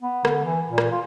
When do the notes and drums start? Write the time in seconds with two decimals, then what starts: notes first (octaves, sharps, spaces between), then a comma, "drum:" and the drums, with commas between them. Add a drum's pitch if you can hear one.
0.02 B3
0.25 D3, drum: rim click
0.44 E3
0.68 A#2
0.78 drum: rim click
0.92 F4